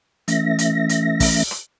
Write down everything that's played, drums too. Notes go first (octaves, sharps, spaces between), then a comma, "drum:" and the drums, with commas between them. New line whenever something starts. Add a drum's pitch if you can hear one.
E3 A3 C#4 E5 A#6, drum: hi-hat
drum: hi-hat
drum: hi-hat
drum: kick, open hi-hat
drum: rim click